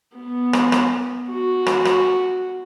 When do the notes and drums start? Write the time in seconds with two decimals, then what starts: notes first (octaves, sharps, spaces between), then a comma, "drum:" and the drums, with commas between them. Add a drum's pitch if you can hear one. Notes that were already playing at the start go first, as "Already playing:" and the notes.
0.15 B3
0.53 drum: rim click
0.72 drum: rim click
1.29 F#4
1.66 drum: rim click
1.85 drum: rim click